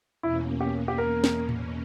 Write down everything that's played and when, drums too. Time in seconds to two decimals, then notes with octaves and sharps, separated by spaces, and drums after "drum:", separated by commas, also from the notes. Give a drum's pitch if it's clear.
0.23 E2 B2 A#3 C#4 E4
0.61 G4
0.88 G4
0.98 A#4
1.24 drum: snare
1.49 drum: tom A2